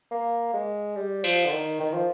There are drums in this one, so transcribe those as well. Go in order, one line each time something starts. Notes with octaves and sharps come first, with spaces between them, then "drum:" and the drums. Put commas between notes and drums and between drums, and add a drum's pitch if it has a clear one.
A#3
G#3
G3
F3, drum: cymbal
D3
D#3
D#3
F3